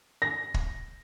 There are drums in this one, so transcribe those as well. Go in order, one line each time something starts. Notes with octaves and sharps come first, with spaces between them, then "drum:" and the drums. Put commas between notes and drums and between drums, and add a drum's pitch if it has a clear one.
A#6
drum: kick